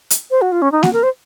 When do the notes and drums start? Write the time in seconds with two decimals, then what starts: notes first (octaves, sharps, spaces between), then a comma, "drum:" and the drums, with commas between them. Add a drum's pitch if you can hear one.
0.10 drum: hi-hat
0.31 C5
0.42 F#4
0.52 F4
0.62 C#4
0.72 D#4
0.83 F#4, drum: snare A#3
0.93 A#4
1.03 C5